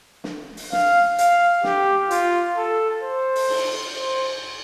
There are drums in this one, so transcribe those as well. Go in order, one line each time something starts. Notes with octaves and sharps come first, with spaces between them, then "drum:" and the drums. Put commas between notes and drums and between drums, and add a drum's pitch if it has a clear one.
drum: snare
drum: open hi-hat
F5, drum: snare
F5, drum: hi-hat
G4, drum: snare
F4, drum: hi-hat
A4
C5
drum: open hi-hat
drum: cymbal
C5